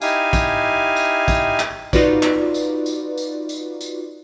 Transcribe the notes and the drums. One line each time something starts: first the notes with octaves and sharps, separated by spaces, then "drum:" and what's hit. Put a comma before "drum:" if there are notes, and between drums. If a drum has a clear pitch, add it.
D#4 E4 G4 F5 G#5, drum: tambourine
drum: kick, tambourine
drum: tambourine
drum: kick, tambourine
drum: clap
D#4 F4 F#4 B4 D5, drum: kick, tambourine
drum: clap
drum: tambourine
drum: tambourine
drum: tambourine
drum: tambourine
drum: tambourine